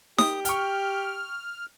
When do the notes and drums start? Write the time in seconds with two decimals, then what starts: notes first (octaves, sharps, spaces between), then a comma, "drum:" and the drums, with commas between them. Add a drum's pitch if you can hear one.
0.19 G4 D#6, drum: snare D#4
0.45 G5 C#6 F6, drum: hi-hat